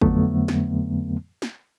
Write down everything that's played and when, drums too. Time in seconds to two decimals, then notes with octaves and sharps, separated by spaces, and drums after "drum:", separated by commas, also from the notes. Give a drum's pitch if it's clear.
0.01 F2 D3 F#3 A3 B3, drum: kick
0.48 drum: snare
1.42 drum: snare